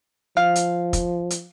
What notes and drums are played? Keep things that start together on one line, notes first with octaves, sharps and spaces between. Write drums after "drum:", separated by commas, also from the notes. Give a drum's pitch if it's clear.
F3 F5
drum: hi-hat
drum: kick, hi-hat
drum: hi-hat